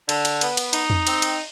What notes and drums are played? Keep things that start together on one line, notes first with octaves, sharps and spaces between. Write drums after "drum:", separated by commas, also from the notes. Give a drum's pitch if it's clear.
D3, drum: cymbal
drum: cymbal
B3, drum: cymbal
drum: cymbal
D#4, drum: cymbal
drum: tom E2
C4, drum: cymbal
drum: cymbal